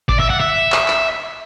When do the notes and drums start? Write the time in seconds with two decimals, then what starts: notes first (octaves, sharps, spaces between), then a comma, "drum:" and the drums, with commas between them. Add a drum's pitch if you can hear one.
0.09 D5, drum: kick G#1
0.19 E5
0.30 F#5
0.40 E5
0.72 drum: clap
0.88 drum: clap